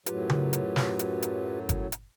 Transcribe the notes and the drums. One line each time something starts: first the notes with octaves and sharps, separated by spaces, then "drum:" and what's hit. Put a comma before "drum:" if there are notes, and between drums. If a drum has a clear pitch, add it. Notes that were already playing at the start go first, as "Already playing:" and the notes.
F#2 A2 F#3 F4 G4 B4, drum: hi-hat
drum: tom C#3
drum: hi-hat
drum: snare
drum: hi-hat
drum: hi-hat
drum: kick G1, hi-hat
drum: hi-hat